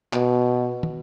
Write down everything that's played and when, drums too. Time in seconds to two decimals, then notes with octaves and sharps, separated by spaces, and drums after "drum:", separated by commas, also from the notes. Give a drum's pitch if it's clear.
0.13 B2, drum: clap
0.83 drum: tom